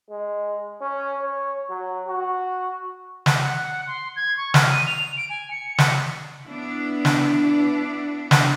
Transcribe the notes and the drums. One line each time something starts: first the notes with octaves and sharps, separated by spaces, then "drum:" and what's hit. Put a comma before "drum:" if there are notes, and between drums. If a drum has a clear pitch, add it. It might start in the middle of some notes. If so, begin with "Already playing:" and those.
G#3
C#4
C#5
F#3
F#4
drum: snare
F#5
C6
G#6
C#6
F6, drum: snare
D#7
F7
D7
G#5
C#7
drum: snare
B3 D4 E4
drum: snare
drum: snare